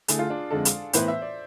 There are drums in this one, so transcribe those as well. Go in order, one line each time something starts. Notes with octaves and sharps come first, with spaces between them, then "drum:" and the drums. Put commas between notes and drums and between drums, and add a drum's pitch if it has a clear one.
D3 A3 E4 G#4, drum: hi-hat
F4
D4
F2 D3 G#3 A4
drum: hi-hat
A2 E3 B3 E4 B4 C5, drum: hi-hat
E5
D5